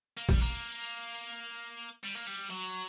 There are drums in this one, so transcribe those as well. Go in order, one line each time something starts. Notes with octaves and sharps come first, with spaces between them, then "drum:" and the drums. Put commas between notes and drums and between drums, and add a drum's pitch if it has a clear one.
A#3
G3, drum: kick A#1
A#3
G3
A#3
G3
F#3